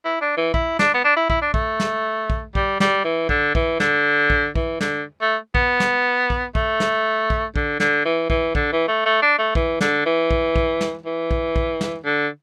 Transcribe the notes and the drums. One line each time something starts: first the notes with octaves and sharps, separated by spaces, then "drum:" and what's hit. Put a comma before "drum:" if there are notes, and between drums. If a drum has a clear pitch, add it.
E4
D4
E3
E4, drum: kick
D4, drum: snare
B3
D4
E4
E4, drum: kick
D4
A3, drum: kick
drum: snare
drum: kick
G3, drum: kick
G3, drum: snare
E3
D3, drum: kick
E3, drum: kick
D3, drum: snare
drum: kick
E3, drum: kick
D3, drum: snare
A3
B3, drum: kick
drum: snare
drum: kick
A3, drum: kick
drum: snare
drum: kick
D3, drum: kick
D3, drum: snare
E3
E3, drum: kick
D3, drum: kick
E3
A3
A3
D4
A3
E3, drum: kick
D3, drum: snare
E3
drum: kick
drum: kick
drum: snare
E3
drum: kick
drum: kick
drum: snare
D3